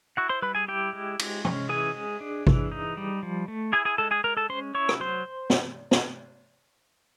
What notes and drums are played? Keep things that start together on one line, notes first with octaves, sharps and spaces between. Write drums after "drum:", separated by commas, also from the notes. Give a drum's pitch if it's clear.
E4 F#4 F#5
C5 C6
G3 B4 B5
G#4 G#5
E4 G4 G5
G#3
G#3, drum: cymbal
C#4, drum: tom
E3 G#4 G#5
G#3
D4
E3, drum: kick G#1
D#4
G3
F3
A3
E4 G#4 G#5
G#4 G#5
G#3 A4 A5
G#4 G#5
G#3 A#4 A#5
A4 A5
C#4 C5 C6
E4 C#5 C#6
drum: rim click
F#3 C5 C6
drum: snare
drum: snare